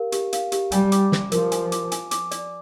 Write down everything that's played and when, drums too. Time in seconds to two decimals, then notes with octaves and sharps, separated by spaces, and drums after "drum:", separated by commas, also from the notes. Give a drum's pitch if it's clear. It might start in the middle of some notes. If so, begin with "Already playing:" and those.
Already playing: G4 A#4 F5
0.12 G4, drum: hi-hat
0.33 F5, drum: hi-hat
0.52 G4, drum: hi-hat
0.72 G3 G#5, drum: hi-hat
0.92 D6, drum: hi-hat
1.12 D5, drum: snare
1.32 F3 A#4, drum: hi-hat
1.52 G#5, drum: hi-hat
1.72 D6, drum: hi-hat
1.92 G#5, drum: hi-hat
2.11 D6, drum: hi-hat
2.31 D5, drum: hi-hat